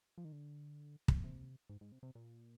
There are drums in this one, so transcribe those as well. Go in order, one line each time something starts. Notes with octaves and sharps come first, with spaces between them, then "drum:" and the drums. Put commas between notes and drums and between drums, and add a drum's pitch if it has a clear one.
F3
D#3
D3
drum: kick
C3
G#2
G#2
C3
C3
A#2